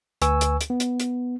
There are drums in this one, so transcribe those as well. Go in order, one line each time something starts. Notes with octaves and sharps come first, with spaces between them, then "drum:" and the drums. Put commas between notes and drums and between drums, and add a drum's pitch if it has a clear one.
D2 B4 G#5 C#6 E6, drum: hi-hat
drum: hi-hat
drum: hi-hat
B3
drum: hi-hat
drum: hi-hat